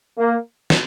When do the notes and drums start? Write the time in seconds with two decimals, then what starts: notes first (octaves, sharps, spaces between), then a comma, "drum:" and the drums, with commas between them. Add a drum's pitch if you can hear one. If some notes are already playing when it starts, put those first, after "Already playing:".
0.18 A#3
0.70 drum: snare